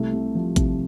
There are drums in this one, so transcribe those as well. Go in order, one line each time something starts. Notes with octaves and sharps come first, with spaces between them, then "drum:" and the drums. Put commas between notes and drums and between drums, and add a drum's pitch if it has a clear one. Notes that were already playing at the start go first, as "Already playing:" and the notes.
Already playing: C2 A3
C3
F3
C2, drum: kick, hi-hat